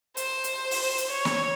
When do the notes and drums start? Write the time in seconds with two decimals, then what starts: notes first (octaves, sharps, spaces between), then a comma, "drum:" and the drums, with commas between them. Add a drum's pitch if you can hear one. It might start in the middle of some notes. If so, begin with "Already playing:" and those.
0.17 C5, drum: hi-hat
0.44 drum: hi-hat
0.71 drum: open hi-hat
0.98 drum: hi-hat
1.11 C#5
1.25 drum: snare